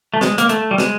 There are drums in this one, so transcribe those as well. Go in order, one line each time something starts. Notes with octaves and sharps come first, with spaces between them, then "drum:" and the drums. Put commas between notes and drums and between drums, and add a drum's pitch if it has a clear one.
A3
G#3, drum: snare
A#3, drum: hi-hat
A3, drum: hi-hat
G3
G#3, drum: snare